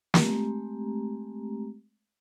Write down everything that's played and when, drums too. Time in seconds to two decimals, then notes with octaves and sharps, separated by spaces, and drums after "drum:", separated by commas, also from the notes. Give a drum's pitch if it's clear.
0.14 G#3 A3 C4 G4 A#5, drum: snare